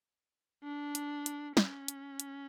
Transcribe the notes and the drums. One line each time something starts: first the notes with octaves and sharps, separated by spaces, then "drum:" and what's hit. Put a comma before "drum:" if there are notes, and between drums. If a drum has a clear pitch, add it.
D4
drum: hi-hat
drum: hi-hat
C#4, drum: snare
drum: hi-hat
drum: hi-hat